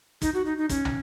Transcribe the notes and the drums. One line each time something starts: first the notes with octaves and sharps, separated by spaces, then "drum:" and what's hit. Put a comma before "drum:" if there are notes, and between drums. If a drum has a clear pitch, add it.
D#4, drum: kick, hi-hat
F#4
D#4
D#4
C#4, drum: kick, hi-hat
drum: tom